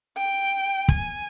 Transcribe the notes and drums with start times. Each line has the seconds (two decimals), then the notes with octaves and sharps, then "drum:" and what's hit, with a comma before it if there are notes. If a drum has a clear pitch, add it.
0.17 G5
0.88 G#5, drum: kick